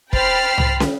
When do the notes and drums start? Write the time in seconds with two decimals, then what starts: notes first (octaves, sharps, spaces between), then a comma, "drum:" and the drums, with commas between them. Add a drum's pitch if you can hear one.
0.13 C5 G5 B5 F6 A6 C7, drum: kick
0.58 drum: tom C2
0.80 drum: snare